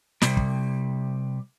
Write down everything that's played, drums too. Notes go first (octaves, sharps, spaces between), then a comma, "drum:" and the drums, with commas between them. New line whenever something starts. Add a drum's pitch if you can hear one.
C3 G3, drum: snare
drum: kick